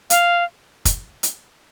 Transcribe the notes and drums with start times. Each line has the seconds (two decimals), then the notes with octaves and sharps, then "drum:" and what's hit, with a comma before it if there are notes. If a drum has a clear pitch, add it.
0.10 F5, drum: hi-hat
0.85 drum: kick, hi-hat
1.23 drum: hi-hat